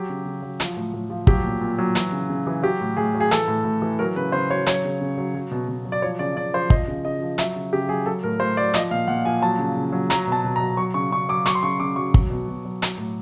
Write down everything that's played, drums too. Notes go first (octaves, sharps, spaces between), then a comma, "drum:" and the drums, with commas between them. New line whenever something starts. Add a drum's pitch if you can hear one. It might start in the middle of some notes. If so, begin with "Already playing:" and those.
Already playing: F#3 G4
C#3
C#3
F#3
F3, drum: hi-hat
A2
A2
F3
F#3 G4, drum: kick
A#2
A#2
F#3
E3, drum: hi-hat
C#3
C#3
E3
F#3 G4
A2
A2 G#4
F#3
G#4
E3 A4, drum: hi-hat
A2
A2
E3
F#3 A#4
C#3 B4
C#3 C5
F#3 C#5
F#3 C#5, drum: hi-hat
C#3
C#3
F#3
F#3
B2
B2
F#3
D5
F3 C#5
C#3 D5
C#3 D5
F3 C5
F3 D#5, drum: kick
C#3
C#3 D#5
F3
F#3 E5, drum: hi-hat
C#3
C#3 G4
F#3 G#4
F#3 A4
A2 A#4
A2 C5
F#3 D5
F3 D#5, drum: hi-hat
A#2 F5
A#2 F#5
F3 G#5
F#3 A5
C#3
C#3
F#3
F#3 A#5, drum: hi-hat
B2 A5
B2
A#5
F#3
F#3 C#6
C#3 C#6
C#3 C#6
F#3 D6
F#3 C#6, drum: hi-hat
C6
C#3 C#6
C#3 D6
F#3 C#6
F#3, drum: kick
B2
B2
F#3
F#3, drum: hi-hat
A2